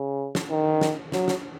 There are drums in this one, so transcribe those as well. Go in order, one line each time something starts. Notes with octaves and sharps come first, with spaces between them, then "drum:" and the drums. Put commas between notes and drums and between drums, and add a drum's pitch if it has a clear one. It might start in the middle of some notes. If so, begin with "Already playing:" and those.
Already playing: C#3
drum: snare
D#3
drum: snare
F#3, drum: snare
drum: snare